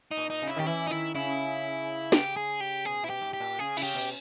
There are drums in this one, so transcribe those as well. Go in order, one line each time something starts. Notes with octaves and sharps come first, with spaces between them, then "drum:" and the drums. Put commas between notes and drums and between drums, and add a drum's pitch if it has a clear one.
D#4
A#2
D#4
C#3
E4
D#3 G4
E3 E4
D#4
D#3 E4, drum: tambourine
C#3 E4
G4, drum: snare
G#4
G4
B2 G#4
B2 E4
G4
G#2
G4
A#2
C#3 G#4
C#3 E4, drum: cymbal
G4
B2